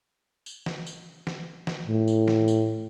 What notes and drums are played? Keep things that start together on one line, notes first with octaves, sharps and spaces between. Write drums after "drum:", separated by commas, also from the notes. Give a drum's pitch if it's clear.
drum: tambourine
drum: snare
drum: tambourine
drum: snare
drum: snare
A2
drum: tambourine
drum: snare
drum: tambourine